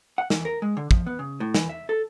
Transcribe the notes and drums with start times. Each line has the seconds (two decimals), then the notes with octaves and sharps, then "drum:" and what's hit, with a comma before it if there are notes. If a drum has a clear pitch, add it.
0.18 F#5
0.30 E3, drum: snare
0.45 A#4
0.62 G#3
0.77 D3
0.91 F3, drum: kick
1.06 B3
1.19 C#3
1.40 A2
1.54 E3, drum: snare
1.69 E5
1.89 A4